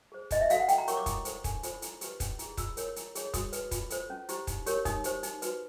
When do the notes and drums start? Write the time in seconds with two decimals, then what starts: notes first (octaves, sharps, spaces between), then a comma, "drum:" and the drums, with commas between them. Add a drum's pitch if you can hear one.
0.12 G#4 C5
0.31 D#4 D#5, drum: kick, hi-hat
0.41 E5
0.50 F#4 A4 F5, drum: hi-hat
0.60 F#5
0.68 E4 G5, drum: hi-hat
0.78 A#5
0.88 G4 A#4 C#5 C#6, drum: hi-hat
0.97 D6
1.06 E4 D#6, drum: kick, hi-hat
1.25 A4 C5, drum: hi-hat
1.44 D4, drum: kick, hi-hat
1.63 F4 A4 C5, drum: hi-hat
1.82 E4, drum: hi-hat
2.01 G4 B4, drum: hi-hat
2.20 C#4, drum: kick, hi-hat
2.39 E4 G#4, drum: hi-hat
2.57 F4 E6, drum: kick, hi-hat
2.77 A#4 C#5, drum: hi-hat
2.96 E4, drum: hi-hat
3.15 G#4 C#5, drum: hi-hat
3.34 F#4 D#6, drum: kick, hi-hat
3.53 B4, drum: hi-hat
3.71 F4, drum: kick, hi-hat
3.90 A4 C5, drum: hi-hat
4.10 C#4
4.29 E4 G4 C5, drum: hi-hat
4.47 D#4, drum: kick, hi-hat
4.66 G4 A#4 C#5, drum: hi-hat
4.85 D#4 D#6, drum: kick, hi-hat
5.04 G4 C5, drum: hi-hat
5.23 D#4, drum: hi-hat
5.42 F#4 B4, drum: hi-hat